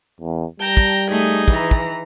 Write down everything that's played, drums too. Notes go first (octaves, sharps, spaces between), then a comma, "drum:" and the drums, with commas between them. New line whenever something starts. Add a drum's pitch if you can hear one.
E2
G3 G5 A5 A#5 A#6
drum: kick
A3 D#4 G#4
E3 A#5, drum: kick
drum: kick